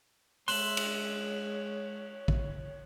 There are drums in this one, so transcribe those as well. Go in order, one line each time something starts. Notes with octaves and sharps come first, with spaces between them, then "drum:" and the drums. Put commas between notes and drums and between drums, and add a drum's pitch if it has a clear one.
G#3 C#5 E5 C6 F#6 E7 F#7, drum: open hi-hat
drum: cymbal
drum: kick